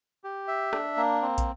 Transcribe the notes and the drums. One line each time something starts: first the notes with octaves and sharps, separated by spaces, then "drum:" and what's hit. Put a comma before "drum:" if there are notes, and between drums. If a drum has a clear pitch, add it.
G4
E5
D4, drum: rim click
A#3
C4
drum: kick, hi-hat